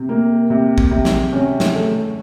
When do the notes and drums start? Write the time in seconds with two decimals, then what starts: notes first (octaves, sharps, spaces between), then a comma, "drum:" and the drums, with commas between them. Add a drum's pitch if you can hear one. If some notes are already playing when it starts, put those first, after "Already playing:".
Already playing: C3
0.09 A#3
0.50 C3
0.78 drum: kick
0.91 C3
1.05 drum: snare
1.33 C#4
1.60 drum: snare
1.73 A3